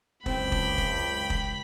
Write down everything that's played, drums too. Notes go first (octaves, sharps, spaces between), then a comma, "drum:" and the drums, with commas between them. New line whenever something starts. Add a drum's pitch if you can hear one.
C#2 F#2 C4 G5 B5, drum: kick
drum: kick
drum: kick
drum: kick